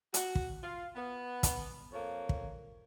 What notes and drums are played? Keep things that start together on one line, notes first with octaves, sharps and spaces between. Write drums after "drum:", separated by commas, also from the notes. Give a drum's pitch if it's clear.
F#4, drum: hi-hat
drum: kick
F4
B3
drum: kick, hi-hat
F2 A#3 C#5
drum: kick